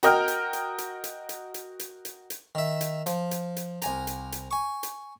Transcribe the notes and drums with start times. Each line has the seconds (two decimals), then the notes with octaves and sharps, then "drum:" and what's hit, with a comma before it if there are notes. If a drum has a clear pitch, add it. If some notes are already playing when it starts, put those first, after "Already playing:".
0.03 F#4 A#4 D#5 G5 F6, drum: hi-hat
0.28 drum: hi-hat
0.53 drum: hi-hat
0.78 drum: hi-hat
1.04 drum: hi-hat
1.29 drum: hi-hat
1.54 drum: hi-hat
1.79 drum: hi-hat
2.05 drum: hi-hat
2.30 drum: hi-hat
2.55 D#3 E5
2.81 drum: hi-hat
3.06 F3, drum: hi-hat
3.31 drum: hi-hat
3.57 drum: hi-hat
3.82 C2 G#5 A#5, drum: hi-hat
4.07 drum: hi-hat
4.32 drum: hi-hat
4.51 G#5 C#6
4.83 drum: hi-hat